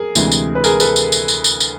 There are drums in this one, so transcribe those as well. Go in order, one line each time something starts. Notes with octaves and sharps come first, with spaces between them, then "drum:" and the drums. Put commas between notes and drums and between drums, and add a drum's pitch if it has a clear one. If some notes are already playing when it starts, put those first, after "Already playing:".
Already playing: G#4 A#4
D2 C3 E3 G#3, drum: tambourine
drum: tambourine
B4
G#4 A#4, drum: tambourine
A4 B4, drum: tambourine
drum: tambourine
drum: tambourine
drum: tambourine
drum: tambourine
drum: tambourine